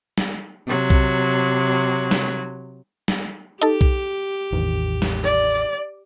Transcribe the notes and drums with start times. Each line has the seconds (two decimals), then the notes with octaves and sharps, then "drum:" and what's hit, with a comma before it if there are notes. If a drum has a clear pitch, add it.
0.18 drum: snare
0.66 C3 F#3
0.90 drum: kick B1
2.11 drum: snare
3.08 drum: snare
3.61 D#4 G4 A4
3.81 drum: kick B1
4.52 A1 E2 D#3
5.02 drum: snare
5.24 D5